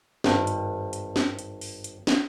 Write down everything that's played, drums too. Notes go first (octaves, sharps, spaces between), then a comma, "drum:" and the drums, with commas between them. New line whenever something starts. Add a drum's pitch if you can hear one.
G#1 G2, drum: snare
drum: hi-hat
drum: hi-hat
drum: snare
drum: hi-hat
drum: open hi-hat
drum: hi-hat
drum: snare